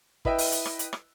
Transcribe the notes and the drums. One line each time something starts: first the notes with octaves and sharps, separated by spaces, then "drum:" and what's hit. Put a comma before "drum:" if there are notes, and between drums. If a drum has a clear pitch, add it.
E4 B4 D#5 E5 G5, drum: kick
drum: open hi-hat
drum: hi-hat
drum: rim click
drum: hi-hat
drum: rim click